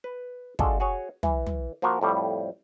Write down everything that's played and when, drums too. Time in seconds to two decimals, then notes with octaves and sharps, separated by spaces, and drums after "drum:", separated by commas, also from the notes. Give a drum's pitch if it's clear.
0.04 B4
0.59 G#3 D4 F4 F#4 A4, drum: kick
0.80 F#4 G#4 C#5
1.23 E3, drum: tom
1.46 drum: tom
1.82 F3 A#3 F4 F#4 A#4
2.01 F2 A2 G3